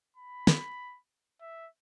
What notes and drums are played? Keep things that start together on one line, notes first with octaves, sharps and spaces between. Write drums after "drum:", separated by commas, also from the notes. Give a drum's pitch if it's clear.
B5
drum: snare
E5